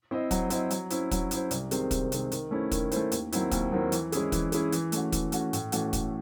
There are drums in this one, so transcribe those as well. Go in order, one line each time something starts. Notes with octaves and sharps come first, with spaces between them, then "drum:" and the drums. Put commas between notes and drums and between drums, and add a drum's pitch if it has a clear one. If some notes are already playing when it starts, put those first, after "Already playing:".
C4 E4 C5 D#5
F#3, drum: kick, hi-hat
C4 E4 C5 D#5, drum: hi-hat
F#3, drum: hi-hat
C#4 E4 C5, drum: hi-hat
F#3, drum: kick, hi-hat
C#4 E4 C5, drum: hi-hat
C2, drum: hi-hat
C3 D#3 G#3 C4, drum: hi-hat
C2, drum: kick, hi-hat
C3 D#3 G#3 C4, drum: hi-hat
D#3, drum: hi-hat
A3 C#4 E4 C5
D#3, drum: kick, hi-hat
A3 C#4 E4 C5, drum: hi-hat
D#2, drum: hi-hat
D#3 F#3 C4 E4, drum: hi-hat
D#2, drum: kick, hi-hat
D#3 F#3 C4 E4
E3, drum: hi-hat
G#3 C#4 E4 G#4, drum: hi-hat
E3, drum: kick, hi-hat
G#3 C#4 E4 G#4, drum: hi-hat
E3, drum: hi-hat
A3 C#4 F#4, drum: hi-hat
E3, drum: kick, hi-hat
A3 C#4 F#4, drum: hi-hat
A2, drum: hi-hat
E3 A3 C#4 F#4, drum: hi-hat
A2, drum: kick, hi-hat